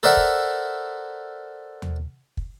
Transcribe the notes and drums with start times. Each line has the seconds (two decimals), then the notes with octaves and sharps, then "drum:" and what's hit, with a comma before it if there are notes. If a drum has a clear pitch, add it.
0.03 A4 A#4 C5 D5 E5 F#5
0.17 drum: kick
1.82 drum: tom D#2
2.37 drum: kick